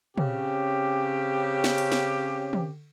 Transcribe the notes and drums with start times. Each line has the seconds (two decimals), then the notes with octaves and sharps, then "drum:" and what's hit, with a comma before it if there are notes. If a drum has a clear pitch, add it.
0.18 C#3 C4 C#4 G4, drum: tom
1.64 drum: snare
1.78 drum: cymbal
1.92 drum: snare
2.53 drum: tom